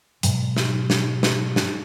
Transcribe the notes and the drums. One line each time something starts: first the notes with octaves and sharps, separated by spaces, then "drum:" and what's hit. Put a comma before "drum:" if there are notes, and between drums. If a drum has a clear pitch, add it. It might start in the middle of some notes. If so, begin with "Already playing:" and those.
G#2 B2 F#3, drum: hi-hat
drum: snare
drum: snare
drum: snare
drum: snare